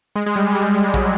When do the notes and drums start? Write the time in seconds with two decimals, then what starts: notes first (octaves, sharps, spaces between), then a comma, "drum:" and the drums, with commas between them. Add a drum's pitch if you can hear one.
0.16 G#3
0.26 G#3
0.36 G3
0.50 G#3
0.55 G3
0.74 G#3
0.94 F#3, drum: kick A#1